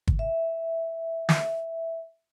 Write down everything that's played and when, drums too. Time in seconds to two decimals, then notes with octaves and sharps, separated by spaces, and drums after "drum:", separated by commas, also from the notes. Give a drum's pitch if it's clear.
0.08 drum: kick
0.19 E5
1.29 E5, drum: snare